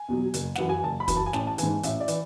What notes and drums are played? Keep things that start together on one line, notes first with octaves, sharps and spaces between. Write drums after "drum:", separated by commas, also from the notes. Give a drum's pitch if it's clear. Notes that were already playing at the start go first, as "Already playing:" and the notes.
Already playing: G#5
E2 B2 F#3
F#1, drum: hi-hat
F#2 E3 F#5, drum: snare
G#5
F#1 A5
B5
F#2 E3, drum: kick, hi-hat
A5
G#5
A1 A5, drum: snare
A5
G#2 E3 G#5, drum: hi-hat
A1 E5, drum: hi-hat
D5
E3, drum: hi-hat